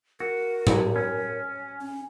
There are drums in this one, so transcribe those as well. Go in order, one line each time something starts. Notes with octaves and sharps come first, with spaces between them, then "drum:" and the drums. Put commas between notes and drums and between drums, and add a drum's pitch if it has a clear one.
F#4 A#4
drum: tom A2
C#4
C#4